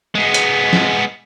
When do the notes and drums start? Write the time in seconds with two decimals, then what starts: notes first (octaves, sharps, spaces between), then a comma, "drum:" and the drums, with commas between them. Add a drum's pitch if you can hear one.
0.15 G#3 B3
0.34 drum: hi-hat
0.73 drum: snare